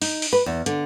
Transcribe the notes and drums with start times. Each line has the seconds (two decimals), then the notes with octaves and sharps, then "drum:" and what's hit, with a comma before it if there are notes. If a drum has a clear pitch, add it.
0.02 D#4, drum: open hi-hat
0.22 drum: open hi-hat
0.33 B4
0.46 E2
0.66 D3, drum: hi-hat